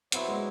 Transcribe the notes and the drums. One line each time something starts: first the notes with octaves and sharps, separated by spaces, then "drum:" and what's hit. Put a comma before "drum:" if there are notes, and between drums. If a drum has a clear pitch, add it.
F#3 B3 C4 E4, drum: hi-hat
G#3